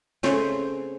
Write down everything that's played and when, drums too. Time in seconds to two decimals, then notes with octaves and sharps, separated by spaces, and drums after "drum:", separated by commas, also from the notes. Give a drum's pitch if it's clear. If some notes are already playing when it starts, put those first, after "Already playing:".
0.23 C#3 A3 C4 C#4 C5 G#5, drum: snare